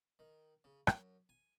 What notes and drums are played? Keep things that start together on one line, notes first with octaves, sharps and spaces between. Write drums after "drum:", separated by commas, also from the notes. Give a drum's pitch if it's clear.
D#3
C#3
F#2, drum: rim click
G#5